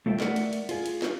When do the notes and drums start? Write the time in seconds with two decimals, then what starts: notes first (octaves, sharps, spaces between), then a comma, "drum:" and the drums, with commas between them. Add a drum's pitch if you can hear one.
0.06 A3 F4 A4 E5 G5
0.20 A3 A#4 D5 E5 F#5, drum: snare
0.36 drum: cymbal
0.53 drum: cymbal
0.69 F4 G#4, drum: cymbal
0.86 drum: cymbal
1.02 drum: snare